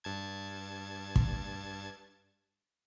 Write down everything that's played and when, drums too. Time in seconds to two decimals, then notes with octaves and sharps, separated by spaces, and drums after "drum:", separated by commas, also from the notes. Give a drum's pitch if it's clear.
0.04 G2 A5 G#6
1.16 drum: kick